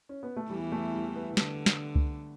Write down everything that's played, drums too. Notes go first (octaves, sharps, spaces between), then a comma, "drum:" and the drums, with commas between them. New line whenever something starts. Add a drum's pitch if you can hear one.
C#4
B3
A3
E2 E3 G3
A3
G3
B3
D3 A3, drum: snare
drum: snare
drum: kick C#2